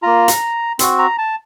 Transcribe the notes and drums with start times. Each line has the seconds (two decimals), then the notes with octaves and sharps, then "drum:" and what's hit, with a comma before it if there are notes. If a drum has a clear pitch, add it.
0.02 A#3 F4 A#5
0.28 drum: hi-hat
0.79 C4 F#4, drum: hi-hat
0.99 A#5
1.18 A5